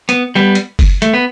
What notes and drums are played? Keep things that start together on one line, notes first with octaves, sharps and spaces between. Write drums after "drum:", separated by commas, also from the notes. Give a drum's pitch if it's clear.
B3, drum: hi-hat
G3 B3
drum: hi-hat
drum: kick F#1, open hi-hat
A3, drum: hi-hat
B3